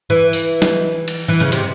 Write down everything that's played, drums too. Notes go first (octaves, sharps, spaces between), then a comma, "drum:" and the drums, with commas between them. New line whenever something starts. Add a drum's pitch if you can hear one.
E3
drum: open hi-hat
drum: snare
drum: cymbal
E3
C#3
C3, drum: hi-hat